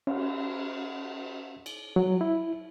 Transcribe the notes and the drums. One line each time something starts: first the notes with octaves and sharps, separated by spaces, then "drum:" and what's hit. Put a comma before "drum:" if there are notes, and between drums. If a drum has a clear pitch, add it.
C#4, drum: cymbal
drum: cymbal
F#3
E4